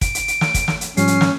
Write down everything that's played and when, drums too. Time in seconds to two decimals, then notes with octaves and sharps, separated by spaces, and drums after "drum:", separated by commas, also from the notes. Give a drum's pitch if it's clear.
0.01 D7, drum: kick, hi-hat
0.15 drum: hi-hat
0.28 drum: hi-hat
0.41 drum: snare
0.54 drum: kick, hi-hat
0.68 drum: snare
0.81 drum: hi-hat
0.97 G#2 F3 G3 C#4 C7, drum: hi-hat
1.07 drum: hi-hat
1.21 drum: snare